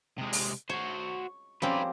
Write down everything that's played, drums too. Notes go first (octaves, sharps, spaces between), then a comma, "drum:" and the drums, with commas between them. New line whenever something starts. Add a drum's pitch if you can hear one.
C3 G#3
drum: open hi-hat
F#4 C5 C#5 C#6
F3 A#3 C4 C#4 G4 B4 C5 D5